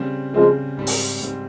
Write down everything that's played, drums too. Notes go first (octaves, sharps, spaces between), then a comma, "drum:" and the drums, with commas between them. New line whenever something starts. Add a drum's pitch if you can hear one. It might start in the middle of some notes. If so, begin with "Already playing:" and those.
Already playing: C#3 G3 C4
C#3 F3 G3 G#3 C4
G#2 G3 C4
drum: open hi-hat
G#2 G3 C4